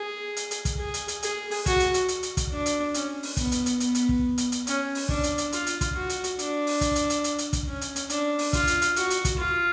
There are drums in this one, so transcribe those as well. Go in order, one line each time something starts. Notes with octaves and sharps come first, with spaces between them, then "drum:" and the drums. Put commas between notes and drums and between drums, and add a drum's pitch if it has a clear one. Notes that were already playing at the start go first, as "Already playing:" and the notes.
Already playing: G#4
drum: hi-hat
drum: hi-hat
drum: kick, hi-hat
G#4
drum: hi-hat
drum: hi-hat
G#4, drum: hi-hat
drum: open hi-hat
F#4, drum: kick, hi-hat
drum: hi-hat
drum: hi-hat
drum: hi-hat
drum: hi-hat
drum: kick, hi-hat
D4
drum: hi-hat
C#4, drum: hi-hat
drum: open hi-hat
B3, drum: kick, hi-hat
drum: hi-hat
drum: hi-hat
B3, drum: hi-hat
drum: hi-hat
drum: kick
drum: hi-hat
drum: hi-hat
C#4, drum: hi-hat
drum: open hi-hat
D4, drum: kick
drum: hi-hat
drum: hi-hat
F4, drum: hi-hat
drum: hi-hat
drum: kick, hi-hat
F#4
drum: hi-hat
drum: hi-hat
D4, drum: hi-hat
drum: open hi-hat
drum: kick, hi-hat
drum: hi-hat
drum: hi-hat
drum: hi-hat
drum: hi-hat
drum: kick, hi-hat
C#4
drum: hi-hat
drum: hi-hat
D4, drum: hi-hat
drum: open hi-hat
F4, drum: kick, hi-hat
drum: hi-hat
drum: hi-hat
F#4, drum: hi-hat
drum: hi-hat
drum: kick, hi-hat
F4